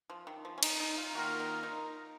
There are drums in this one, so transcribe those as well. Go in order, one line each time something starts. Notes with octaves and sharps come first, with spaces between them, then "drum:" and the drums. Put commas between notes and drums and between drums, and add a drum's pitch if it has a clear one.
F3
D#3
F3
C#4
D#4, drum: cymbal
D#4
F4
D#3 A#3 F4 F#4 A#4
D#4
D#4